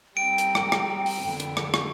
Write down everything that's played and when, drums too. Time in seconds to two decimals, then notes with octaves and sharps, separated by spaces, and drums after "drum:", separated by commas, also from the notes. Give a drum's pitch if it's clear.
0.17 G3 C4 D#4 G5 D7
0.38 drum: hi-hat
0.55 drum: rim click
0.72 drum: rim click
1.06 drum: open hi-hat
1.23 F2 D3 B3
1.40 drum: hi-hat
1.57 drum: rim click
1.74 drum: rim click